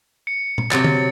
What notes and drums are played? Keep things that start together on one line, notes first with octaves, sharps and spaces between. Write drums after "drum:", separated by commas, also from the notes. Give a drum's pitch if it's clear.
C#7
drum: tom A#2
C3 F#3 A6, drum: clap
drum: tom D3